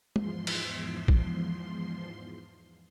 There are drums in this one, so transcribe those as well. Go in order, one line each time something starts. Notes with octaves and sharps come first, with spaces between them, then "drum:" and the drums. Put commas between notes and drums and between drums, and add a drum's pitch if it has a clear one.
E2 G#2 F3 C6, drum: tom G#3
drum: cymbal
drum: kick